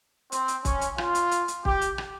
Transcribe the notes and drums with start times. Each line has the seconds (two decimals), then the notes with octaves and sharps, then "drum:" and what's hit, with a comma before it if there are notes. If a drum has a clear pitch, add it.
0.32 C4, drum: hi-hat
0.48 drum: hi-hat
0.65 C#4, drum: kick, hi-hat
0.81 drum: hi-hat
0.98 F4, drum: rim click
1.15 drum: hi-hat
1.31 drum: hi-hat
1.48 drum: hi-hat
1.65 G4, drum: kick
1.81 drum: hi-hat
1.98 drum: rim click